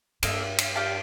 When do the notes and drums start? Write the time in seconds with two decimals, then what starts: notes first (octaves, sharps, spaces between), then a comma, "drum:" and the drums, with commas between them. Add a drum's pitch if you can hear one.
0.23 G2 A#3 D4 A4 D#5, drum: cymbal
0.58 drum: cymbal
0.76 G4 D5 F5 A5